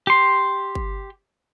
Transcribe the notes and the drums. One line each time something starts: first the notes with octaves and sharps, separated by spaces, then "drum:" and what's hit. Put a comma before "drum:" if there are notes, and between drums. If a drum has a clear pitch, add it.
G4 C6
drum: kick G1